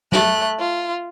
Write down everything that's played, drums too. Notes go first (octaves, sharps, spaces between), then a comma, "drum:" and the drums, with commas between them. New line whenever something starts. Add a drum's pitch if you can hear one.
A3 F#6, drum: snare
F4